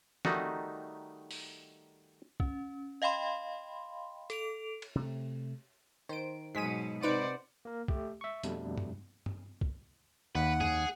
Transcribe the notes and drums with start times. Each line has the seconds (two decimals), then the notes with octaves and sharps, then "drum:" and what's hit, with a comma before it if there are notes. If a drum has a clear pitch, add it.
0.25 D#3 G3 A3 D#4 F#4, drum: snare
1.31 drum: open hi-hat
2.40 C#4, drum: kick
3.02 D#5 F5 G5 B5 C6
4.30 A4 D7 F7, drum: hi-hat
4.82 drum: cymbal
4.95 C3 A3
6.09 D#3 C5 D7
6.55 G#2 B2 F#3 G#3 G#4 B6 D#7
7.03 C3 D#4 B4 C5 D5 F#5 D7
7.65 A#3 A#4
7.88 A3 G4, drum: kick
8.21 E5 C#6
8.43 F2 B2 G3 A3 D4, drum: hi-hat
8.78 drum: tom G2
9.26 drum: tom G2
9.61 drum: kick
10.35 D#2 B4 F#5
10.61 G#4, drum: tom